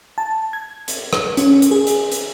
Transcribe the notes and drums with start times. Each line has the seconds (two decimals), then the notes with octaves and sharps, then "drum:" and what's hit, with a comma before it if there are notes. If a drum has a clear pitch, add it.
0.18 A5
0.53 G#6
0.88 drum: hi-hat
1.13 drum: rim click
1.37 C#4, drum: hi-hat
1.62 drum: hi-hat
1.71 G#4
1.87 drum: hi-hat
2.12 drum: hi-hat